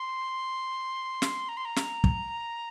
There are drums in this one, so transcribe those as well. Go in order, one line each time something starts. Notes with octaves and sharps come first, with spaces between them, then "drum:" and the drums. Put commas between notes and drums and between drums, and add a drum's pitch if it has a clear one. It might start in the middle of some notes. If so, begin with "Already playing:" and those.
Already playing: C6
drum: snare
A#5
C6
A#5
drum: snare
drum: kick